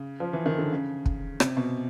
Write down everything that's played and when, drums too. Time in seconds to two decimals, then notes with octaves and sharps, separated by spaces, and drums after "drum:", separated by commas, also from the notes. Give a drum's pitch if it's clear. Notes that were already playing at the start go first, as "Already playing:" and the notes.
Already playing: C#3
0.20 F3
0.33 E3
0.46 D#3
0.58 D3
0.72 C#3
1.06 drum: kick
1.40 C3, drum: rim click
1.57 B2